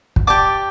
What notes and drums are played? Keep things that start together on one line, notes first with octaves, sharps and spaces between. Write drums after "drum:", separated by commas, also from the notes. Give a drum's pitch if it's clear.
drum: kick
G4 D5 A5 D6